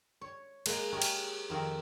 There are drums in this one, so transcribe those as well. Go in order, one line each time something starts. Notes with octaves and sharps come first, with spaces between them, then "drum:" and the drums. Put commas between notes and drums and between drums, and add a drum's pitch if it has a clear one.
C#5
G#3 A#3, drum: cymbal
G4 G#4 A#4 C#5
drum: cymbal
F2 D#3 A#3 C4 A#4 D#5